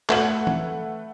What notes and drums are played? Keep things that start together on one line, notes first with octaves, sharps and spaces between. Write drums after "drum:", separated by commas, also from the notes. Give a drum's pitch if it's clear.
A3 B4 F#5 G#6 F#7, drum: clap
drum: tom E3